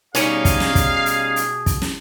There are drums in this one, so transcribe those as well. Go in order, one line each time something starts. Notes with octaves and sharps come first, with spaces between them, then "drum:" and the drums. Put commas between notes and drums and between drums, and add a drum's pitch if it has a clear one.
B2 G3 C#4 D#4 G#4 C#5 F5 G#5, drum: hi-hat
drum: kick, hi-hat
drum: snare
drum: kick, hi-hat
drum: hi-hat
drum: hi-hat
drum: kick, hi-hat
drum: snare